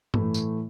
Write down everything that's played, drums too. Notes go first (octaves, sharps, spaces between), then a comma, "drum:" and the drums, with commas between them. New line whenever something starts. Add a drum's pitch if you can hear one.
A2 E3 A3 E4, drum: tom G2
drum: tambourine